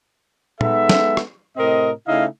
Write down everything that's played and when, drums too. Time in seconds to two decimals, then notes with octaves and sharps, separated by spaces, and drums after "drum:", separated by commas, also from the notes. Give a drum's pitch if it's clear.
0.61 G#3 B3 D#4 A4 E5, drum: tom A#2
0.89 drum: snare
1.17 drum: rim click
1.57 A2 C3 C4 A#4 D#5
2.07 C#3 A3 D#4 E4 D#5 F5